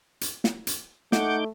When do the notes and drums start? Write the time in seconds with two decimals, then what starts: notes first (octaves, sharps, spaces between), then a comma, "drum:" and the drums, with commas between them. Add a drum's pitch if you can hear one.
0.21 drum: hi-hat
0.44 drum: snare
0.67 drum: hi-hat
1.12 A3 D#4 F#5 D6 G6, drum: snare